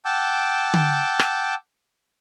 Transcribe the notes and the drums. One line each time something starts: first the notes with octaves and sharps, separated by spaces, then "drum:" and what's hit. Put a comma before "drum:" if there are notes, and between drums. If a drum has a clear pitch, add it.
F#5 G5 A5 D6 E6 G6
drum: tom D3
drum: rim click